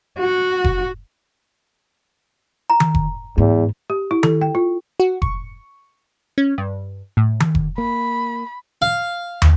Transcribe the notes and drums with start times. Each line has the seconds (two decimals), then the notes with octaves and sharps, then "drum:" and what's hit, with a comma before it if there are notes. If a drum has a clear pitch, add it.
0.19 F#4
0.64 drum: kick F1
2.70 A#5
2.80 drum: tom D#3
2.95 drum: kick F1
3.38 E2 G#2
3.90 G4
4.11 E4
4.23 A4, drum: tom D#3
4.41 G5
4.55 F4
5.00 F#4
5.22 C#6, drum: kick F1
6.38 C#4
6.58 G2
7.17 A2
7.40 drum: tom D#3
7.55 drum: kick F1
7.78 A#3 B5
8.82 F5
9.42 drum: tom